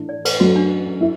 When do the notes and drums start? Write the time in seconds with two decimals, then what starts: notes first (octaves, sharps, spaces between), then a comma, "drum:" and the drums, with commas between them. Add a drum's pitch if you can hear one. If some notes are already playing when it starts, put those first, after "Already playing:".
Already playing: A2 E3 A3 D4
0.09 D5
0.25 B4, drum: cymbal
0.40 F#2 F#3 A3 F#4
0.56 D4
1.01 E4